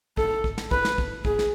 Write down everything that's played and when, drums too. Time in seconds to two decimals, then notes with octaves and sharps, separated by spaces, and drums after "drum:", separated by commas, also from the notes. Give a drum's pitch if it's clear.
0.17 A4, drum: kick
0.44 drum: kick
0.58 drum: snare
0.71 B4, drum: kick
0.85 drum: snare
0.98 drum: kick
1.25 G#4, drum: kick
1.39 drum: snare